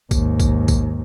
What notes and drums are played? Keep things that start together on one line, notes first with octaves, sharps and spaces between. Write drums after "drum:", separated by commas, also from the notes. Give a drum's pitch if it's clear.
D#2 G#2, drum: kick, tambourine
drum: kick, tambourine
drum: kick, tambourine